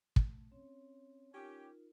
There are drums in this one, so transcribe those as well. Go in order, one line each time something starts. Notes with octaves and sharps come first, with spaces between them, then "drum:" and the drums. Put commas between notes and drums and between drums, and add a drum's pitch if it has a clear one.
A3, drum: kick
C4 C#4 C#5
C#4 D#4 F4 G4 A#4